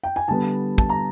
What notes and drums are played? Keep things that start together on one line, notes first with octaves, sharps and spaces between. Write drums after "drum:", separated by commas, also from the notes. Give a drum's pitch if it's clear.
G5
G#5
D3 G3 B3 A5
A5, drum: kick
A#5